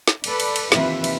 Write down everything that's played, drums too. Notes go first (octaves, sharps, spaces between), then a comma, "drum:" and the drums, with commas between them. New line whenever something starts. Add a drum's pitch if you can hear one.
drum: snare
A4 B4 D5, drum: cymbal
drum: cymbal
drum: cymbal
D#2 C3 E3 F4 B4 E5, drum: snare
drum: cymbal